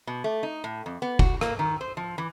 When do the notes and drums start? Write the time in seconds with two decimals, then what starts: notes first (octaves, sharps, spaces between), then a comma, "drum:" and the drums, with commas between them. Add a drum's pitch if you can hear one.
0.07 B2
0.24 A3
0.43 D#4
0.64 A2
0.86 F2
1.02 B3
1.19 F#4, drum: kick F1
1.41 A#3, drum: rim click
1.59 D#3
1.81 C5
1.97 F3
2.18 E3